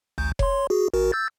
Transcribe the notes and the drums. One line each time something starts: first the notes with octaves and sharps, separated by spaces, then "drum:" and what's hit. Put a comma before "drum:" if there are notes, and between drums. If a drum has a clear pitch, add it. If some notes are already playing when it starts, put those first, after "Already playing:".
A1 D2 G6
C#5 C6, drum: kick F1
F#4 G#4
A1 F#4 A#4
E6 G6 A6